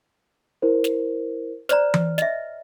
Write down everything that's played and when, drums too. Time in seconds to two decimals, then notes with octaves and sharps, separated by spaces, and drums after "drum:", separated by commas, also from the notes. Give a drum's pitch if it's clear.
0.62 E4 A#4 C5
0.84 drum: snare
1.69 C5 D5 A#5 F6, drum: snare
1.94 drum: tom E3
2.18 D#5 E5, drum: snare